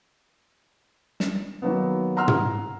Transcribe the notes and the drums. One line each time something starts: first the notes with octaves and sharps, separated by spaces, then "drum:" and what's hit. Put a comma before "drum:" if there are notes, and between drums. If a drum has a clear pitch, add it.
E7, drum: snare
D#3 F#3 A#3 B3
F#5 A#5 C6 E6 F6
drum: tom